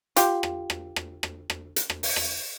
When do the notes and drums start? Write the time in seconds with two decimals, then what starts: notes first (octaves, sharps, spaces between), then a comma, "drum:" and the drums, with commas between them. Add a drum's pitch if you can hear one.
0.16 F4 G4, drum: hi-hat
0.43 drum: rim click
0.70 drum: rim click
0.96 drum: rim click
1.23 drum: rim click
1.50 drum: rim click
1.76 drum: hi-hat
1.90 drum: rim click
2.03 drum: open hi-hat
2.16 drum: rim click